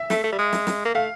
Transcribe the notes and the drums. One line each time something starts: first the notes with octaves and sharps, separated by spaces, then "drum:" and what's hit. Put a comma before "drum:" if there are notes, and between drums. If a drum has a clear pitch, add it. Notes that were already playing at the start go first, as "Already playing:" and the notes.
Already playing: E5
A3, drum: snare
A3
G3
G#3
drum: snare
drum: snare
A#3
A3 F5